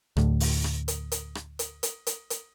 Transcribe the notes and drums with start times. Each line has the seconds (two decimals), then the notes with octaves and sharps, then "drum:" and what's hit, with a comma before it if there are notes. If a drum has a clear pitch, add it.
0.17 D2 A2, drum: rim click
0.40 drum: open hi-hat
0.64 drum: rim click
0.88 drum: hi-hat
1.12 drum: hi-hat
1.35 drum: rim click
1.59 drum: hi-hat
1.83 drum: hi-hat
2.07 drum: hi-hat
2.30 drum: hi-hat